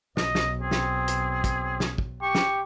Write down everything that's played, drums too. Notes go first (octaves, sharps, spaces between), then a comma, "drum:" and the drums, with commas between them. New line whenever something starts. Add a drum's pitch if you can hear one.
B1 D#5, drum: snare
drum: snare
C4 G#4
drum: snare
drum: hi-hat
drum: kick, hi-hat
drum: snare
drum: kick
G4 C#6
drum: snare